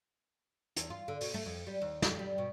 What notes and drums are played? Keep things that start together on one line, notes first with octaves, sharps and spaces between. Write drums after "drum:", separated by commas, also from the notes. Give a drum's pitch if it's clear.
E2, drum: hi-hat
F4
D3
B2, drum: open hi-hat
A3
F2
G3
D#2
F2, drum: snare
G3
B2